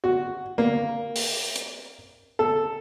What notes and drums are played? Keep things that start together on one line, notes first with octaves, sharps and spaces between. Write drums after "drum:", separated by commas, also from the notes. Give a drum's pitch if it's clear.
F#4
A#3
drum: open hi-hat
drum: hi-hat
A4